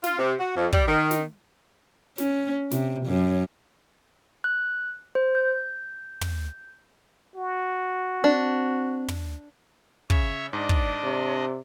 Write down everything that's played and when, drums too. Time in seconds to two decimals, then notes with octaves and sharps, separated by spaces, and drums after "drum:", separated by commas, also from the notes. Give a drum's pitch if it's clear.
0.04 F4, drum: snare
0.18 C3
0.39 F#4
0.56 F2
0.73 G3, drum: kick
0.88 D#3
1.11 drum: snare
2.18 C#4, drum: snare
2.71 C3, drum: snare
3.07 F#2
4.44 F#6
5.15 C5
5.35 G6
6.21 drum: tom
7.36 F#4
8.24 C4 D4
9.08 drum: tom
10.10 C#3 C#5 E5, drum: kick
10.53 G#2 D4 D5 D#5
10.69 drum: kick
11.04 C3